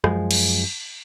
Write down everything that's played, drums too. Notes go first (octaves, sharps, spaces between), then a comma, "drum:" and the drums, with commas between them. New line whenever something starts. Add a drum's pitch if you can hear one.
F#2 F3 G#3, drum: rim click
drum: cymbal